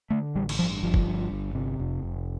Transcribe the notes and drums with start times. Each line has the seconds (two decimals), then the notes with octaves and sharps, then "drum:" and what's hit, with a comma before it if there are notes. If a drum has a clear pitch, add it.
0.10 D3 A3
0.35 A1 G3
0.49 drum: cymbal
0.59 G2 F3
0.83 G1 F3
0.94 drum: kick
1.07 G2
1.31 G1
1.55 C3
1.80 F1
2.03 F1